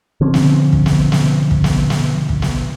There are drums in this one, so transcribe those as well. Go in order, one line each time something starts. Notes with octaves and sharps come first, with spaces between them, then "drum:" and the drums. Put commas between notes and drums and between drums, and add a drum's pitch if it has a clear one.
D3 F3 C4 C#4
drum: snare
drum: kick
drum: snare
drum: snare
drum: kick
drum: snare
drum: snare
drum: kick
drum: snare